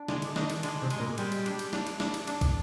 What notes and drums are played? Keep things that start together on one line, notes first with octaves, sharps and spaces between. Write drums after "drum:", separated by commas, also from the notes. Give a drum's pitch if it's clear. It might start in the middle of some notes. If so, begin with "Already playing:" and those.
Already playing: D4
D3 G#3, drum: snare
drum: cymbal
D#3 D4, drum: snare
drum: cymbal
D3 G#3, drum: cymbal
C3
G#3, drum: cymbal
A#2
G3 G#3, drum: cymbal
drum: cymbal
D4, drum: cymbal
drum: cymbal
D4, drum: snare
drum: cymbal
D4, drum: snare
drum: cymbal
D4, drum: cymbal
drum: kick, cymbal